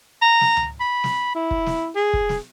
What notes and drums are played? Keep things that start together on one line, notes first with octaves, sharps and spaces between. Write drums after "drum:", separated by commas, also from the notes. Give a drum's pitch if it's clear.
A#5
drum: snare
drum: tom C#2
B5
drum: snare
E4
drum: kick
drum: snare
G#4
drum: kick
drum: snare